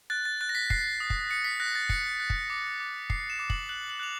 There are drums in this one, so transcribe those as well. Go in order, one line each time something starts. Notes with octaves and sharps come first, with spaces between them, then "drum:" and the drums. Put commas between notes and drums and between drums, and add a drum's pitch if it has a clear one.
F#6 A6
A6
F#6 A6
A#6
B6
F#6 C7, drum: kick
D#6
drum: kick
D#6 C#7
B6
F#6 A#6
A6
F#6 C#7, drum: kick
F#6
drum: kick
D6
D6
D6 C7, drum: kick
E7
D6
F#7, drum: kick
F#6 F#7
F#7
F#6 F7